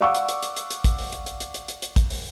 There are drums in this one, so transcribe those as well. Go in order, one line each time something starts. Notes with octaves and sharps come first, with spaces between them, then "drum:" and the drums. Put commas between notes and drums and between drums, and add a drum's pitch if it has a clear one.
D5 F5 F#5 C#6 D6 E6
drum: hi-hat
drum: hi-hat
drum: hi-hat
drum: hi-hat
drum: hi-hat
drum: kick, hi-hat
drum: open hi-hat
drum: hi-hat
drum: hi-hat
drum: hi-hat
drum: hi-hat
drum: hi-hat
drum: hi-hat
drum: kick, hi-hat
drum: open hi-hat